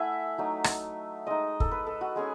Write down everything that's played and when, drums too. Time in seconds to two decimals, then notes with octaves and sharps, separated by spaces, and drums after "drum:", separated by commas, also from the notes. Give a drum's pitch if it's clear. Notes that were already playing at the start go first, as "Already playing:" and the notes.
Already playing: A3 E4 E5 F#5 G#5
0.38 F#3 A3 D#4
0.64 drum: rim click
1.27 G#3 D#4 D#5
1.60 A4, drum: kick
1.71 B4
1.86 A4
2.01 F#4
2.16 G#3 C#4 G#4